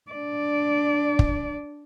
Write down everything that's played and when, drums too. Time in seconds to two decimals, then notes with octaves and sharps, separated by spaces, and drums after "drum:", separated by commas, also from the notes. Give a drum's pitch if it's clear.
0.11 D4 D5
1.19 drum: kick